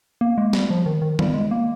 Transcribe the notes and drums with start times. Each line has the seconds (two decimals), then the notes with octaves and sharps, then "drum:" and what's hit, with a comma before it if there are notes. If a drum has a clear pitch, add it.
0.21 A#3
0.38 G#3
0.53 G3, drum: snare
0.70 F3
0.86 D#3
1.02 D#3
1.19 G3, drum: tom D#3
1.34 G#3
1.51 A#3